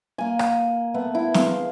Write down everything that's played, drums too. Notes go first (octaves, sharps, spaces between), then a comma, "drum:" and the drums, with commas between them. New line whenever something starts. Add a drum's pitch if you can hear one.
A#3 G#5
drum: rim click
A3 B3
E4
G#4 F5 C6, drum: snare